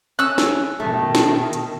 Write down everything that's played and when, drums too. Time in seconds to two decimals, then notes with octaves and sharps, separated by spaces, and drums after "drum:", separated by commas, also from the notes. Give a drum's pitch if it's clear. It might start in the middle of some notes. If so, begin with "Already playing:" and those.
0.19 C#4 E6 F#6
0.38 drum: snare
0.80 B2 D#3 A3
1.15 drum: snare
1.53 drum: hi-hat